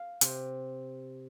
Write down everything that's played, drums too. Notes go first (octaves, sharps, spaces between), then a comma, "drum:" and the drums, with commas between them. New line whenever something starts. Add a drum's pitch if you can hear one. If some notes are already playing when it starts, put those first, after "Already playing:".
Already playing: F5
C3, drum: hi-hat